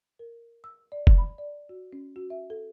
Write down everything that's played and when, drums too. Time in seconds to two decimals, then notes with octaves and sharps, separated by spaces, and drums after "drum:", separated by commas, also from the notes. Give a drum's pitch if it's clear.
0.19 A#4
0.64 E6
0.92 D5
1.07 drum: kick F1
1.18 B5
1.38 D5
1.69 F#4
1.93 C#4
2.16 F#4
2.30 E5
2.50 A4